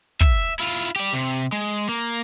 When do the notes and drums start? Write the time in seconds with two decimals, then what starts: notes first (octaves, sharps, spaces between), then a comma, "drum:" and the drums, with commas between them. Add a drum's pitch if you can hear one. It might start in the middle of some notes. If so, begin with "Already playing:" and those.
0.21 E5, drum: kick
0.59 E4 F4
0.96 G4 D5
1.13 C3
1.52 G#3
1.89 A#3